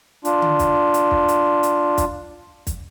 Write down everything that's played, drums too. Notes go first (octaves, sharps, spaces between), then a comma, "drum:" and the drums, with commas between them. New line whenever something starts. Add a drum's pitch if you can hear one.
D4 F4, drum: hi-hat
drum: tom D3
drum: kick, hi-hat
drum: hi-hat
drum: kick
drum: hi-hat
drum: hi-hat
drum: kick, hi-hat
drum: kick, hi-hat